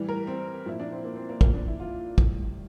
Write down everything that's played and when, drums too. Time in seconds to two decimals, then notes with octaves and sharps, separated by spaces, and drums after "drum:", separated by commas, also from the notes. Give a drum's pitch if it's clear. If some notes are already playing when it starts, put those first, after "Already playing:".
Already playing: A2 E3 G3
0.09 A#4
0.27 C4
0.66 A#2 F3 E4
0.80 D4
0.92 C4
1.04 A#3
1.16 C4
1.29 A#3
1.41 A#2 A#3, drum: kick
1.46 F3
1.53 D4
1.67 E4
1.80 F4
2.18 A2 G3, drum: kick